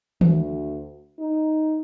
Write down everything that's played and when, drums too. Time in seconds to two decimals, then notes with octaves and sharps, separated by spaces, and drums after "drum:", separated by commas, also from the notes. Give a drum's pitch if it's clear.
0.21 D2, drum: tom D#3
1.19 D#4